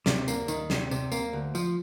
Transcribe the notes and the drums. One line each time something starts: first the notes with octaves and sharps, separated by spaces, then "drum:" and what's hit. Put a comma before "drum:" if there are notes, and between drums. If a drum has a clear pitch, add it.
C3, drum: snare
A#3, drum: tambourine
D#3, drum: tambourine
C3, drum: snare
C3, drum: tambourine
A#3, drum: tambourine
D2
F3, drum: tambourine